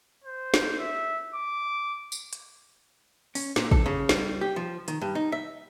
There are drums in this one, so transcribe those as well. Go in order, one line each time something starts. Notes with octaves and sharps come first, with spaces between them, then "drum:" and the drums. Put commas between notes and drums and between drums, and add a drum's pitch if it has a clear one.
C5
drum: snare
E5
D6
drum: tambourine
drum: hi-hat
C#4, drum: open hi-hat
A#2, drum: snare
A4, drum: kick
C#3
G3, drum: snare
G4
F3
D#3, drum: hi-hat
G2
D#4
E5